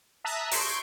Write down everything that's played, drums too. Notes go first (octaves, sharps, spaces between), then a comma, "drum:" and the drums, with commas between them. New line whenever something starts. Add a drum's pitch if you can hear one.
E5 A5 A#5 D#6 E6 F#6
C6 C#6 G6 G#6 D7, drum: open hi-hat